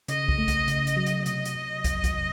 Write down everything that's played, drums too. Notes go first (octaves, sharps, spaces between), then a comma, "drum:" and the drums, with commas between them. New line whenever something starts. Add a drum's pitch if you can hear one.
C#3 D#5, drum: hi-hat
drum: kick
A3
drum: kick, hi-hat
C#3, drum: hi-hat
drum: hi-hat
F#3
drum: hi-hat
C3 D#5, drum: hi-hat
drum: hi-hat
C3
F2, drum: kick, hi-hat
drum: kick, hi-hat
C3